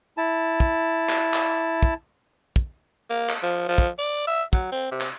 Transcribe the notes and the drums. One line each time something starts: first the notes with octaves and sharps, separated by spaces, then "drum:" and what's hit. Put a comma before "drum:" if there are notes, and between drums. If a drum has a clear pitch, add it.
E4 A5
drum: kick
drum: clap
drum: clap
drum: kick
drum: kick
A#3
drum: clap
F3
F3
drum: kick
D5
E5
F#3, drum: kick
C4
C3
drum: clap